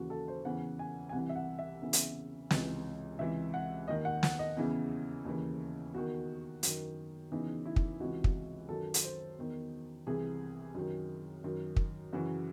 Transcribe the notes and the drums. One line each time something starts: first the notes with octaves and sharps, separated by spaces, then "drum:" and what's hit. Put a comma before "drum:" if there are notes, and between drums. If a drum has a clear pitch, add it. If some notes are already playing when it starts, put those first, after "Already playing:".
Already playing: D#2 C#3 E3 F#4
A4
C5
E2 C#3 E3 F#5
G#5
G#5
C2 C3 E3 F#5
E5
F#5
E5
E2 C#3 E3
drum: hi-hat
C#2 C3 E3, drum: snare
C#2 C3 E3 E5
F#5
D#2 D#3 D#5
F#5
F#5, drum: snare
D#5
E2 C#3 E3 E4
D#2 C#3 E3
E2 D#3 F#4
F#2 D#3, drum: hi-hat
E2 C#3 E3 D#4
E4
drum: kick
C#2 C3 E3 F#4
drum: kick
F#2 D#3 A4
drum: hi-hat
C5
E2 D#3
C2 C3 E3 G#4
F#2 D#3
F#2 D#3
drum: kick
F#2 C#3 E3 F#4